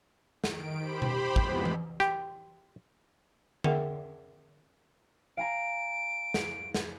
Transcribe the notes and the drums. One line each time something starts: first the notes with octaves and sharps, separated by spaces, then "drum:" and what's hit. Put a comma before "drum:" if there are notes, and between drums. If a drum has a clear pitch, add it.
D#3 D7, drum: snare
G4 C5 B5
drum: tom B2
F2 A2 G#3 B3, drum: kick
drum: tom E3
G4, drum: rim click
G#4 A#4 E5 F#5 G5, drum: tom D3
F5 G#5 A#5 D7
drum: snare
drum: snare